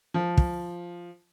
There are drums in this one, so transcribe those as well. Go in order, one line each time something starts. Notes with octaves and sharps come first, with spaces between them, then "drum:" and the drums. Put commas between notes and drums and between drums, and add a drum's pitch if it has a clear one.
F3
drum: kick